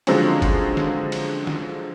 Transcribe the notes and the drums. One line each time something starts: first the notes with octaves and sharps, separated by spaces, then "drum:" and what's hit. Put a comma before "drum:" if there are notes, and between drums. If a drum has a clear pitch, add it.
D3 F3 F#3 G#3 C4 C#4, drum: cymbal
drum: kick, cymbal
drum: snare
drum: cymbal
drum: snare